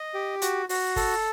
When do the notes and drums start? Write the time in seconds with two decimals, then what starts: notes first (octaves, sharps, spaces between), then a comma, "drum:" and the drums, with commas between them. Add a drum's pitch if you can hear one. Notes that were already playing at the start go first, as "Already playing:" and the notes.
Already playing: D#5
0.14 G4
0.42 F#4, drum: hi-hat
0.69 F#4, drum: open hi-hat
0.96 A4, drum: kick, open hi-hat